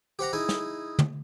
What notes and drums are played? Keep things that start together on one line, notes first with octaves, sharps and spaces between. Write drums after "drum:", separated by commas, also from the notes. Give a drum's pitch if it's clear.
G4 C5 F#5 A#5
D#4 E4 G#4
drum: snare
drum: tom D3